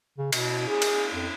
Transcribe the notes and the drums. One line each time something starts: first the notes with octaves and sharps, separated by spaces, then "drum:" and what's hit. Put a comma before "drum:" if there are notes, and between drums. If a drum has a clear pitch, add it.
C#3
B2, drum: cymbal
G#4
drum: cymbal
F2